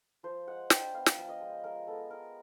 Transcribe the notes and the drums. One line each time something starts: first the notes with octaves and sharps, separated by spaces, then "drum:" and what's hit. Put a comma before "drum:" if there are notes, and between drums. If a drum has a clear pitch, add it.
F3 C5
G#3 F#5
D4 G5, drum: snare
B3 F5
drum: snare
F3
D#5
G#3
G#3 A#4
B3 A4
G#3 A#4